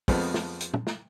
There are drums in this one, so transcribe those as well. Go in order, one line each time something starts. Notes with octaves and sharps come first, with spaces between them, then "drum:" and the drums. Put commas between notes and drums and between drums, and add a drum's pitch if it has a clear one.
F2 F3 G#3 A3 B3 C4, drum: kick, open hi-hat
drum: snare
drum: hi-hat
drum: tom
drum: snare